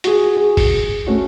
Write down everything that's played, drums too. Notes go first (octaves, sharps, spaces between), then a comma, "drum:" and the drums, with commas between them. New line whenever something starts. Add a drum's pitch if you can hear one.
F#4 G#4, drum: hi-hat
G#4
drum: kick, open hi-hat
A3 C#4 F#4